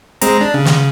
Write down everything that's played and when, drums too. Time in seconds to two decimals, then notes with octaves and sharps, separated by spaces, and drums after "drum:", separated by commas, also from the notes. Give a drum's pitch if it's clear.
0.21 G#3 C4 A#5, drum: hi-hat
0.41 D4
0.54 C#3
0.66 drum: snare